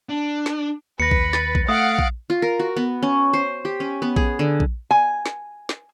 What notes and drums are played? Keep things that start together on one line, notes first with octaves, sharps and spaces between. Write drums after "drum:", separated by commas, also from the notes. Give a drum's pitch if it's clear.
D4
drum: snare
D#2 B4 A#6 C#7
drum: kick A#1
A6, drum: snare
drum: kick A#1
A3 F5 F#5 D#6 D7
drum: kick A#1
F4
A#4
F#4
B3
C#4
C5
G4
C#4
B3
G#4, drum: kick A#1
D3
drum: kick A#1
G#5
drum: snare
drum: snare